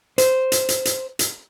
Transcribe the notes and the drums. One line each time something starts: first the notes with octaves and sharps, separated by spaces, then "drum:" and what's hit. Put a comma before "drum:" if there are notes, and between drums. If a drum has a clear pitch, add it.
C5, drum: hi-hat
drum: hi-hat
drum: hi-hat
drum: hi-hat
drum: hi-hat